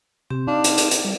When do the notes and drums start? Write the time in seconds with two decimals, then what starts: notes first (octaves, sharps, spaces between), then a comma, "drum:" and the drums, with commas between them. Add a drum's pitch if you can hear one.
0.30 C3 C4 G4
0.47 D4 D#4 F5
0.64 drum: hi-hat
0.78 drum: hi-hat
0.91 drum: hi-hat
1.05 G3